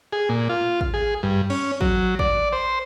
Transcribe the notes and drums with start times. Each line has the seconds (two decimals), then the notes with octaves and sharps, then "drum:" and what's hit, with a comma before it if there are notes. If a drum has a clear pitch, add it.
0.13 G#4
0.29 A#2
0.49 F4
0.81 drum: kick
0.94 G#4
1.23 G2
1.50 C#4, drum: cymbal
1.81 F#3, drum: kick
2.19 D5, drum: kick
2.53 C5